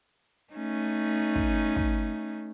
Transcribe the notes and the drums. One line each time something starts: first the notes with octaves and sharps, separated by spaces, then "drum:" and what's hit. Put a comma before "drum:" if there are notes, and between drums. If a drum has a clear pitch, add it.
A3 C#4 D#4
drum: kick
drum: kick